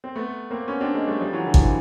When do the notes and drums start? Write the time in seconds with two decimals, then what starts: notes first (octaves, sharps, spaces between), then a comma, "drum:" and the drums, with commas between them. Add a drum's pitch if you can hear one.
0.04 C4
0.16 A3 B3
0.51 A#3 C4
0.68 B3 C#4
0.81 C4 D4
0.95 G#3 A#3
1.07 G3 A3
1.20 F3 G3
1.33 E3 F#3
1.46 D3 E3
1.54 F3, drum: kick
1.59 D3 E3